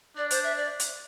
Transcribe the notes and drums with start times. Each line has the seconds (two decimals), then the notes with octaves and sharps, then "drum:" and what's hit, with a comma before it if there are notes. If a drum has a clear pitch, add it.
0.17 D4 D5
0.31 C5, drum: hi-hat
0.43 E5
0.57 D5
0.80 drum: hi-hat